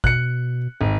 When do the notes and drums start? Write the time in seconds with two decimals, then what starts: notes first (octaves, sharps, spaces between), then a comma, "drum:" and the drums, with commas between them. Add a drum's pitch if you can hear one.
0.04 B2 F#6 C#7, drum: kick
0.81 G#1